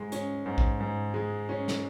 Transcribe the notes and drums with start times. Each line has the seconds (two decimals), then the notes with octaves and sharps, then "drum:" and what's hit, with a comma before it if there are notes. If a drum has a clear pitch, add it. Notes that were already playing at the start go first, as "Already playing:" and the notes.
Already playing: G#2 G#3
0.12 C#4, drum: hi-hat
0.46 G#2
0.58 drum: kick A#1
0.80 G#2
1.14 G#3
1.49 C#4
1.68 drum: snare